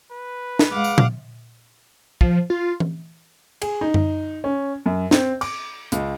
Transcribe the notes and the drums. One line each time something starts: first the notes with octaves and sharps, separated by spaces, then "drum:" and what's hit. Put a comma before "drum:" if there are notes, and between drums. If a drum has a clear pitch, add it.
B4
drum: snare
G#3 F5 F#5 D6
drum: tambourine
drum: tom A#2
F3, drum: kick
F4
drum: tom E3
G#4, drum: cymbal
D#4
drum: tom F#2
C#4
F#2
C4, drum: snare
D6, drum: cymbal
C#2, drum: hi-hat